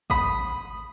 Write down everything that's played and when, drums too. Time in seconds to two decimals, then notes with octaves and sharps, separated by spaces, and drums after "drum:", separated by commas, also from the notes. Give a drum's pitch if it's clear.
0.10 B5 D#6, drum: kick G#1